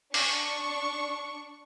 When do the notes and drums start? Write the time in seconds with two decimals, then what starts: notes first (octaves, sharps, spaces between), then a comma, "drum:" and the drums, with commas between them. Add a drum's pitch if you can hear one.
0.14 D4 C#6, drum: open hi-hat